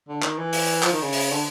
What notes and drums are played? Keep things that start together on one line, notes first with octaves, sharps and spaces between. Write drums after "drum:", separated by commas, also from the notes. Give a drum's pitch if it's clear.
D3
D#3, drum: clap
E3
drum: open hi-hat
F3, drum: clap
D#3
C#3
drum: open hi-hat
D3